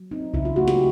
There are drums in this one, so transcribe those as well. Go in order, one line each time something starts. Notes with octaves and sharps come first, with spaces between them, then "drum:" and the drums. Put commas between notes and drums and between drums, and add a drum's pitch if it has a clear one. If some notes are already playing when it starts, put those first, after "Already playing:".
Already playing: F#3
C4 D#4
C#3 E4, drum: kick C2
F4
A3 F#4
G4, drum: snare